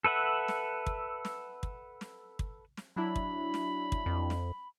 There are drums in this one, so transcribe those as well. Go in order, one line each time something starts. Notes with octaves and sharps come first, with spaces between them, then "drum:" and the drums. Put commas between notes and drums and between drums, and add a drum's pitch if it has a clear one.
A4 B4 E5 F#5
drum: snare
drum: kick
drum: snare
drum: kick
drum: snare
drum: kick
drum: snare
F#3 D4 E4 B5
drum: kick
drum: snare
drum: kick
F2
drum: snare